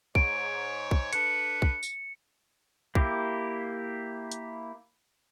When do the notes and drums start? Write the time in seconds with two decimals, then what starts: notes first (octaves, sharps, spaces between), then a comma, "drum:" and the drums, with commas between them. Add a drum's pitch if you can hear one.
0.15 G#2 C#5 D7, drum: kick
0.91 drum: kick
1.13 D4 A4 B4 C#7, drum: hi-hat
1.62 drum: kick
1.83 drum: tambourine
2.95 A#3 E4 G4, drum: kick
4.32 drum: hi-hat